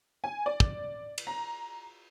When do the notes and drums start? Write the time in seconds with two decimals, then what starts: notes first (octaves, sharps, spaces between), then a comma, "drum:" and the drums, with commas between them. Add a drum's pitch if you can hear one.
0.24 G#5
0.46 D5
0.60 drum: kick
1.18 drum: cymbal
1.27 A#5